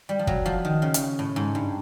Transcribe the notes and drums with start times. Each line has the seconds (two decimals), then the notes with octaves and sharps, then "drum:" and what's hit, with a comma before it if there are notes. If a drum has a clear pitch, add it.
0.09 G3
0.19 F3
0.27 F#3, drum: kick
0.46 F3
0.65 D#3
0.82 C#3
0.94 drum: hi-hat
1.19 A2
1.36 G#2
1.55 G2